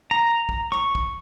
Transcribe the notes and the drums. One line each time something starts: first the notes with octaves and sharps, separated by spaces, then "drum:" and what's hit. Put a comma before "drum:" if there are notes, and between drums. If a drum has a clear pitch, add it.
A#5
drum: kick
C#6, drum: rim click
drum: kick